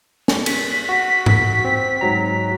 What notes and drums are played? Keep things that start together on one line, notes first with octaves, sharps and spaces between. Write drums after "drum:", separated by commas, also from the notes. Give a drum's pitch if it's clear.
drum: snare
B6, drum: cymbal
F#4
drum: tom G#2
C4
G#2 F#3 A#5